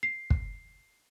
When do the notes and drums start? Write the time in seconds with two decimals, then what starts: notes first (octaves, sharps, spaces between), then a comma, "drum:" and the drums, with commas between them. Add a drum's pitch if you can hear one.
0.03 C7
0.30 drum: kick